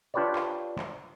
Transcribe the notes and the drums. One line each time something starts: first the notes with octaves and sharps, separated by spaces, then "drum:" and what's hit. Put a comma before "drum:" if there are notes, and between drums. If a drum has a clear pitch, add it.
D4 F4 G4 B4 C#5 D5
drum: clap
drum: clap